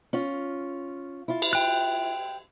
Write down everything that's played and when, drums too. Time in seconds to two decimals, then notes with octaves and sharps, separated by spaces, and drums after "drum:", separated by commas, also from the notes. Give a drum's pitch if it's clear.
0.13 C#4 F4
1.28 E4 F4
1.42 drum: cymbal
1.53 G5 F#6